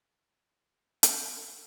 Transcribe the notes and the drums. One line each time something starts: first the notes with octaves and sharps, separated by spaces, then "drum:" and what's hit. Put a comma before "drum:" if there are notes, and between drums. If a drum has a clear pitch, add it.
G#5
F#4 A#4 C#5 A#5
F#4 B4
drum: hi-hat
F#4 C#5 F6
F#6